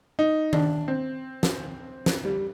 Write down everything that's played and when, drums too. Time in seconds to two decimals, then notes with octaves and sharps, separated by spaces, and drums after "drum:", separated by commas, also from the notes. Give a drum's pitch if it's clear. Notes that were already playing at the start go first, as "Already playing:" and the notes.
0.19 D#4
0.53 D4, drum: tom D#3
0.88 C4
1.43 drum: snare
2.06 drum: snare
2.25 G3